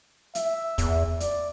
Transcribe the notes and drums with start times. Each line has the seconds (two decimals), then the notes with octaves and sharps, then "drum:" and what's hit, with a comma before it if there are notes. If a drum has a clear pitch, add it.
0.35 E5, drum: hi-hat
0.78 E2, drum: kick, hi-hat
1.20 D5, drum: hi-hat